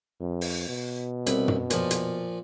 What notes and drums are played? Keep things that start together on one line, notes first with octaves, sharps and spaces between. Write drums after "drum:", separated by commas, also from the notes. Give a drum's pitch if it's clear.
F2
drum: open hi-hat
B2
C2 B5, drum: hi-hat
drum: tom
A#2 F3, drum: hi-hat
drum: hi-hat